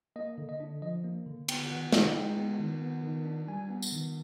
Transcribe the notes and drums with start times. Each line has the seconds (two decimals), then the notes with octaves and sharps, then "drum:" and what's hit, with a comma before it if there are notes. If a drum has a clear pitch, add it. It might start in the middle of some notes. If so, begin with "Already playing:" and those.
0.16 A#3 D#5
0.38 D3
0.49 D#5
0.60 D4
0.82 F3 D#5
1.04 A#3
1.26 D3
1.48 B3 G5, drum: cymbal
1.70 D#3 F#5
1.92 D#4 F#5, drum: snare
2.15 G#3 G5
2.37 B3
2.59 D#3
2.81 B3
3.03 D#3
3.26 D4
3.48 G3 G#5
3.70 B3
3.82 drum: tambourine
3.92 D#3